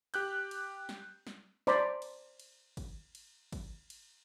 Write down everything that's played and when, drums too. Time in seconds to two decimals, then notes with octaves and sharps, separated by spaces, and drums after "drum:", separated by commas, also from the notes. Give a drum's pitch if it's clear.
0.14 G4 F#6 G6, drum: cymbal
0.51 drum: cymbal
0.89 drum: snare
1.27 drum: snare
1.67 C5 D5 A#5 B5, drum: snare
2.02 drum: cymbal
2.40 drum: cymbal
2.77 drum: kick G#1, cymbal
3.15 drum: cymbal
3.52 drum: kick G#1, cymbal
3.90 drum: cymbal